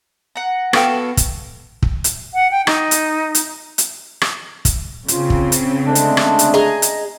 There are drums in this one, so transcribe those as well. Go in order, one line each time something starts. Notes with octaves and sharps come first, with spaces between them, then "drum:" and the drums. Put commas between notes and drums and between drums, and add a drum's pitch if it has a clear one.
F#5 A#5
B3 F#4 A4 B4 F5 G5, drum: rim click
drum: kick, hi-hat
drum: kick
drum: hi-hat
F#5
G5
D#4, drum: rim click
drum: hi-hat
drum: hi-hat
drum: hi-hat
drum: rim click
drum: kick, hi-hat
C#3 C4 F4, drum: hi-hat
drum: kick
drum: hi-hat
D3 G#3 A3 D4
drum: hi-hat
drum: rim click
drum: hi-hat
G#4 D#5 A#5
drum: hi-hat